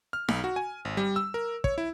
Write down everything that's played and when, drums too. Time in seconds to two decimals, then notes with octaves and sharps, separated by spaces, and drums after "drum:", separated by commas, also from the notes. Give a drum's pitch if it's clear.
0.13 F6
0.28 B1, drum: snare D#4
0.44 F#4
0.56 G#5
0.85 G#1
0.97 G3
1.16 E6
1.34 A#4
1.64 C#5, drum: kick
1.78 E4